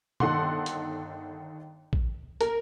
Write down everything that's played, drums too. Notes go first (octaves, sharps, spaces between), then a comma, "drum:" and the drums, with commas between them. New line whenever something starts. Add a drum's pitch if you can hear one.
G1 D#3 A4 F#5 C6, drum: tom
drum: hi-hat
drum: kick A1
A#4, drum: hi-hat